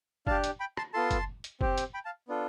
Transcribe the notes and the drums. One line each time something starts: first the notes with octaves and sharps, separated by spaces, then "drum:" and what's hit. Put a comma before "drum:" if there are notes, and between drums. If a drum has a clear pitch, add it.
D4 G4 F5 A5, drum: kick F#1
drum: hi-hat
G5 B5
A5 C6, drum: rim click
B3 F4 A4 A5 C6
drum: kick F#1, hi-hat
drum: hi-hat
C4 G4, drum: kick F#1
drum: hi-hat
G5 B5
F5 A5
B3 D4 F4 A4